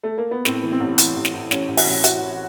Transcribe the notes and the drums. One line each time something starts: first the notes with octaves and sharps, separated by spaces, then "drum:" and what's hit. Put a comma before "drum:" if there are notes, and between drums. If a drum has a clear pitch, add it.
A3
A#3
B3
A2 C4, drum: snare
E3
C4
A1
E3, drum: hi-hat
A1
drum: snare
A2
A1 C#4, drum: snare
A1
F#4, drum: open hi-hat
A1
E3 F#4, drum: hi-hat
E3